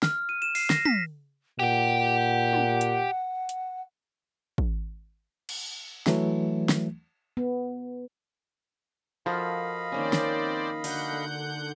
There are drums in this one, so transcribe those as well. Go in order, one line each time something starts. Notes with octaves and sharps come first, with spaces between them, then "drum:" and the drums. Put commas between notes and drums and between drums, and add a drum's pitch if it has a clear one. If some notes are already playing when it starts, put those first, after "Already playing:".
F6, drum: snare
D#7
E7
C7, drum: open hi-hat
A#6, drum: snare
B6, drum: tom
A#2 G4 F#5 G5
drum: tom
drum: hi-hat
drum: hi-hat
drum: kick
drum: cymbal
E3 F#3 A3, drum: snare
drum: snare
B3
F3 F#4 A4 A#4 D#5 F5 B5
D#3 A#3 C4 C#4 C5 D5
drum: snare
D3 D4 D#4 F#4 F#5 G6, drum: open hi-hat